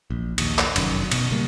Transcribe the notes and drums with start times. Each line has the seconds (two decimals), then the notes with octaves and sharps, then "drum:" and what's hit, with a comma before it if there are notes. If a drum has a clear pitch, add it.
0.10 A#1
0.38 A#1 D#2, drum: cymbal
0.59 drum: clap
0.76 F1 F#2 D#3, drum: cymbal
1.11 B2, drum: cymbal
1.31 C#3 G3 A#3